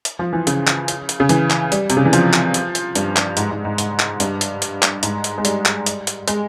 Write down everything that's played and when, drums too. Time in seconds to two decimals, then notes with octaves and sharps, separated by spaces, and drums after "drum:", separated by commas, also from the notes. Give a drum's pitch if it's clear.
0.05 drum: hi-hat
0.19 F3
0.33 E3
0.47 C#3, drum: hi-hat
0.67 drum: clap
0.88 drum: hi-hat
1.09 drum: hi-hat
1.20 C#3
1.29 E3, drum: hi-hat
1.50 drum: clap
1.72 G3, drum: hi-hat
1.90 C3, drum: hi-hat
1.97 C#3
2.05 E3
2.13 F3, drum: hi-hat
2.33 drum: clap
2.54 drum: hi-hat
2.75 drum: hi-hat
2.95 G2, drum: hi-hat
3.17 drum: clap
3.37 G#2, drum: hi-hat
3.51 G#2
3.65 G#2
3.78 G#2, drum: hi-hat
4.00 drum: clap
4.20 G2, drum: hi-hat
4.41 drum: hi-hat
4.62 drum: hi-hat
4.83 drum: clap
5.03 G#2, drum: hi-hat
5.24 drum: hi-hat
5.38 G#3
5.45 G3, drum: hi-hat
5.66 drum: clap
5.86 drum: hi-hat
6.07 drum: hi-hat
6.28 G#3, drum: hi-hat